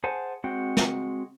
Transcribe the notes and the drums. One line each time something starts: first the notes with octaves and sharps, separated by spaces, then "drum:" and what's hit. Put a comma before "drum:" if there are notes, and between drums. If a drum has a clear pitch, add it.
G#4 C5 F#5 G#5 A5
G#3 C4 F#4 F#5 G5
drum: snare